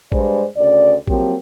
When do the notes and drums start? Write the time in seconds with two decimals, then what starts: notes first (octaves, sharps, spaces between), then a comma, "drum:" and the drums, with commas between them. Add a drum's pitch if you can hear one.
0.12 G2 G#3 C5 D5, drum: kick A1
0.57 D2 C#3 D5
1.07 F3 F#3 A#3 C4 G4, drum: kick A1